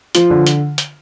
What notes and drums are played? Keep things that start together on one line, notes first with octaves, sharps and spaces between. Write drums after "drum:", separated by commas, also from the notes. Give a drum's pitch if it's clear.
F3 F4, drum: hi-hat
D3
drum: hi-hat
drum: hi-hat